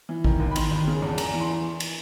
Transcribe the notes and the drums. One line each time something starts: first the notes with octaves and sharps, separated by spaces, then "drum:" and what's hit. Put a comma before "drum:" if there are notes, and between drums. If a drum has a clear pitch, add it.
E3
D#3, drum: kick G#1
D#2
B5
D#3 C6, drum: cymbal
D#2
C#3
E2 A5
E2 A#5, drum: cymbal
E3
C6
drum: cymbal